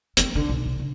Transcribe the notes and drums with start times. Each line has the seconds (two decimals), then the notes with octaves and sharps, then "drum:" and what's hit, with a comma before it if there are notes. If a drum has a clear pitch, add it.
0.17 A3 C4, drum: hi-hat
0.35 D3
0.49 B1
0.66 C3
0.79 C#3